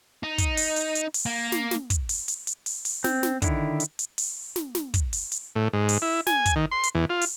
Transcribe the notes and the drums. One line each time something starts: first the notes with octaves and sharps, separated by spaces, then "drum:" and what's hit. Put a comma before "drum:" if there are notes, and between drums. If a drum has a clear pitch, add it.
D#4
drum: kick, hi-hat
drum: open hi-hat
drum: hi-hat
drum: hi-hat
drum: open hi-hat
A#3
drum: snare
drum: snare
drum: kick, hi-hat
drum: open hi-hat
drum: hi-hat
drum: hi-hat
drum: open hi-hat
drum: open hi-hat
C4, drum: snare
drum: snare
D3 D#3 E4, drum: kick, hi-hat
drum: hi-hat
drum: hi-hat
drum: open hi-hat
drum: snare
drum: snare
drum: kick, hi-hat
drum: open hi-hat
drum: hi-hat
A2
G#2
drum: open hi-hat
E4
G#5, drum: snare
drum: kick, hi-hat
D#3
C6
drum: hi-hat
E2
F4
drum: open hi-hat